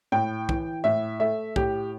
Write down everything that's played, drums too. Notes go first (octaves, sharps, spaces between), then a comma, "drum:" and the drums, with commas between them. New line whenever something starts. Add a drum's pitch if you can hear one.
A2 G5
E3, drum: kick
A2 E5
A3 E5
A2 G4, drum: kick